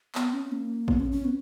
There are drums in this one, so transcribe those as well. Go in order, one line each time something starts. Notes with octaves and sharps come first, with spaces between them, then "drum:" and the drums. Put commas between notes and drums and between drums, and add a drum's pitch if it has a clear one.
B3, drum: clap
C#4
A#3
B3, drum: kick A1
C#4
C#4
B3